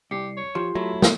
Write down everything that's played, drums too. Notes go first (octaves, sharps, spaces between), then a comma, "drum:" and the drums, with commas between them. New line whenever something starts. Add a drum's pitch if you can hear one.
C2 G4 C7 C#7
C#5
F3 F4 G4 C6
F#3 A3 E4
drum: snare